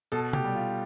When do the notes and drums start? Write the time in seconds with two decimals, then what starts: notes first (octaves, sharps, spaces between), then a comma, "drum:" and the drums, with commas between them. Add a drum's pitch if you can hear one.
0.12 B2 A4
0.33 G4, drum: tom C3
0.44 G3
0.55 F4